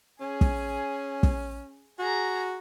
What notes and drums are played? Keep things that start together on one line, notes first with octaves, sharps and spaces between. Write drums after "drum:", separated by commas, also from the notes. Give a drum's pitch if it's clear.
C#4 G#4
drum: kick
drum: kick
F#4 G#4 A#5